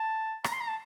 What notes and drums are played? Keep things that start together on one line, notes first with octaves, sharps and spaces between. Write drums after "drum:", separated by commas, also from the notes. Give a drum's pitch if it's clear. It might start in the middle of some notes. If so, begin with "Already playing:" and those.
Already playing: A5
A#5, drum: rim click
C6
A#5
A5